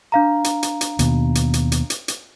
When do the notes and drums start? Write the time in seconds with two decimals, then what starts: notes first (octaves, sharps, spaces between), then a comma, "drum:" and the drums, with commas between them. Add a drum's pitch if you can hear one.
0.12 D4 F5 A#5
0.44 drum: hi-hat
0.63 drum: hi-hat
0.81 drum: hi-hat
0.99 D#2 B2, drum: hi-hat
1.35 drum: hi-hat
1.54 drum: hi-hat
1.72 drum: hi-hat
1.90 drum: hi-hat
2.08 drum: hi-hat